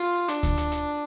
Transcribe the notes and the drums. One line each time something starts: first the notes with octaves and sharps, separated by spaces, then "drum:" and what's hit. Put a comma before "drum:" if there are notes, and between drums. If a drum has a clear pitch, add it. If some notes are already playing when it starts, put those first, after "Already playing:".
Already playing: F4
D4, drum: hi-hat
drum: kick D2, hi-hat
drum: hi-hat
drum: hi-hat